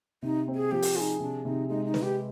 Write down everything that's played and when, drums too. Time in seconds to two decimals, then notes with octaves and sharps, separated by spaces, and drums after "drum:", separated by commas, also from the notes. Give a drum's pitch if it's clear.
0.22 C3 D#4
0.48 C4
0.55 G#4
0.71 F3 G4
0.82 drum: open hi-hat
0.96 D#4 F4 G#4
1.20 C3 D4
1.45 C3 D#4
1.69 G#3 D#4
1.85 D#4
1.94 B4, drum: snare
2.02 G4